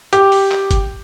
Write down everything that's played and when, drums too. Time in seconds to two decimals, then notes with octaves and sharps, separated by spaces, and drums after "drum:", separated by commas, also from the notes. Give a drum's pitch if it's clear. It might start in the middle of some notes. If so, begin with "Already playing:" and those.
0.13 G4, drum: hi-hat
0.32 drum: open hi-hat
0.51 drum: clap
0.71 drum: kick G1, hi-hat